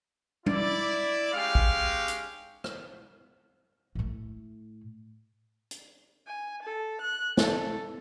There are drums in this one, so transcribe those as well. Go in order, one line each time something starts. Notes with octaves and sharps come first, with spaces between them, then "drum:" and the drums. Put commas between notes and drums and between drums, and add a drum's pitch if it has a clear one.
E4 D5, drum: tom
G#3 C#4 G4 F5
drum: kick
drum: hi-hat
drum: rim click
A2 A3
drum: hi-hat
G#5
A4
F#6
A4, drum: snare